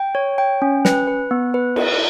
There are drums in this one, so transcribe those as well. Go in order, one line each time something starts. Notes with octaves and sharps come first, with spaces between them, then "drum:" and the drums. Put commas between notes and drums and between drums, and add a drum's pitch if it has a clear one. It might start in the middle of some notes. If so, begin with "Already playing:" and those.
Already playing: G5
C#5
G5
C#4
B4, drum: snare
B4
B3
B4
B4, drum: cymbal